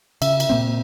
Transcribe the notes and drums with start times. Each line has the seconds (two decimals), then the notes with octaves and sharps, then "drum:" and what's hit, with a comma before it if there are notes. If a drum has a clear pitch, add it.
0.22 C#3 E5, drum: cymbal
0.40 drum: cymbal
0.50 A#2 A#3 C4